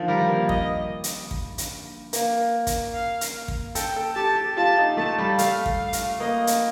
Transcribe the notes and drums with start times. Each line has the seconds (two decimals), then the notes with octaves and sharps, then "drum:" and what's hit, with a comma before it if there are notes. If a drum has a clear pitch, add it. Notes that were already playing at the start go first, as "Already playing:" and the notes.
Already playing: D3 D#3 F3
0.08 G3 A#4
0.28 A#3
0.49 D#5, drum: kick
1.04 drum: hi-hat
1.31 drum: kick
1.58 drum: hi-hat
2.13 A#3, drum: hi-hat
2.67 drum: kick, hi-hat
2.94 F5
3.21 drum: hi-hat
3.48 drum: kick
3.75 A4 G5, drum: hi-hat
3.96 A4
4.16 G4 A5
4.36 G4
4.57 F4 A5
4.77 D#4
4.97 A3 A5
5.18 G3
5.38 A3 F5, drum: hi-hat
5.66 drum: kick
5.79 F5
5.93 drum: hi-hat
6.20 A#3 D#5
6.47 drum: hi-hat